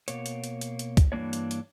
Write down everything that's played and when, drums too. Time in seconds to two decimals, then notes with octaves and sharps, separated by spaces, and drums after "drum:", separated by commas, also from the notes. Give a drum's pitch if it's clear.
0.08 B2 A#3 C#5, drum: hi-hat
0.26 drum: hi-hat
0.44 drum: hi-hat
0.61 drum: hi-hat
0.79 drum: hi-hat
0.97 drum: kick C#2, hi-hat
1.12 G2 E3 F3 A#3 D4 C#5
1.33 drum: hi-hat
1.51 drum: hi-hat